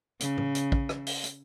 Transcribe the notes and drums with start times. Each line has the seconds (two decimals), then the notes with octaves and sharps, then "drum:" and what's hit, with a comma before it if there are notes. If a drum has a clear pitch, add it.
0.20 C#3, drum: hi-hat
0.38 drum: tom A2
0.55 drum: hi-hat
0.72 drum: kick
0.89 drum: rim click
1.06 drum: open hi-hat
1.24 drum: hi-hat